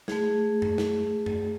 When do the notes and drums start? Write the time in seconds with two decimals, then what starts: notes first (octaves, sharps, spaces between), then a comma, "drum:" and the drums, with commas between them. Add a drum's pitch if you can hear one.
0.08 A3 G#4, drum: snare
0.62 drum: tom F#2
0.78 drum: snare
1.26 drum: tom F#2